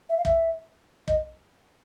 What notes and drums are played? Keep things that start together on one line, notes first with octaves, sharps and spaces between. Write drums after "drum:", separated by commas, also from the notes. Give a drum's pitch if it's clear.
E5
F5
E5, drum: kick
D#5, drum: kick